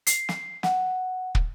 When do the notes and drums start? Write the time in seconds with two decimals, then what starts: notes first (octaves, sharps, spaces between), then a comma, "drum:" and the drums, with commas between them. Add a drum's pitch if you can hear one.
0.07 C7, drum: hi-hat
0.29 drum: snare
0.63 F#5, drum: snare
1.35 drum: kick